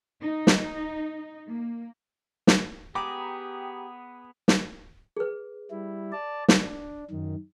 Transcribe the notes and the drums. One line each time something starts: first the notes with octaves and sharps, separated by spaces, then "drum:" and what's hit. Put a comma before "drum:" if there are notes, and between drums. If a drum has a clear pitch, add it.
D#4
drum: snare
A#3
drum: snare
B3 G4 G#4 G5 A#5 B5 D6
drum: snare
G#4 B4
G3 E4
D5 A5
drum: snare
D4
F#2 D#3